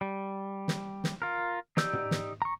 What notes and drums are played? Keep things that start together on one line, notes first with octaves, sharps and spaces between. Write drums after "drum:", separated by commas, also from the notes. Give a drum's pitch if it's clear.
G3
drum: snare
drum: snare
F4 A#4
D#4 G4 D5 E6 G6, drum: snare
drum: tom
drum: snare
A#5 C#6